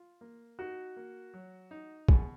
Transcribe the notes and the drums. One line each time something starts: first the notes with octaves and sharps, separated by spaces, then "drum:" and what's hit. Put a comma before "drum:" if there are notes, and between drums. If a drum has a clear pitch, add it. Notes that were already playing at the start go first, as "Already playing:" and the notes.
Already playing: F4
A#3
D#4 F#4
A#3
F#3
D#4
B2 G#4, drum: kick